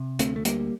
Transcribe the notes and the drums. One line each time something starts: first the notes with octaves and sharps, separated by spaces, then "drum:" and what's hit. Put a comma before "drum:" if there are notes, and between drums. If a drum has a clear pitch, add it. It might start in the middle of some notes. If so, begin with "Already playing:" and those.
Already playing: C3
D2 A3 C4, drum: hi-hat
A3
D2 G3 A#3, drum: hi-hat